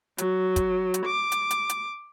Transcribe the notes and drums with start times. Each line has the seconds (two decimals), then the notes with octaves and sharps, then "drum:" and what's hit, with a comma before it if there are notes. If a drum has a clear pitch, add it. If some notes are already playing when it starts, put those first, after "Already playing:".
0.18 F#3, drum: hi-hat
0.56 drum: kick, hi-hat
0.94 drum: hi-hat
1.06 D6
1.32 drum: hi-hat
1.51 drum: hi-hat
1.69 drum: hi-hat